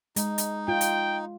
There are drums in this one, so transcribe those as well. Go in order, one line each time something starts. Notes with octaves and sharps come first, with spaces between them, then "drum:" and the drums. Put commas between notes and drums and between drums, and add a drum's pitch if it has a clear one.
G#3 D#4, drum: hi-hat
drum: hi-hat
F4 G5
drum: hi-hat